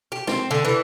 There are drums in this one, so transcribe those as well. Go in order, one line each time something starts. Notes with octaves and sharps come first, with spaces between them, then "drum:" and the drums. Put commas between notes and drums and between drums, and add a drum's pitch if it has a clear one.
G4
C4, drum: snare
D3
E3